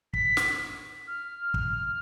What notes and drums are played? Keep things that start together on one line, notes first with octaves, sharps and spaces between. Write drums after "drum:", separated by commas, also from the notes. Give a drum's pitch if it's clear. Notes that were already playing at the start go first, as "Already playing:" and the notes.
B6, drum: kick
drum: snare
F6
drum: kick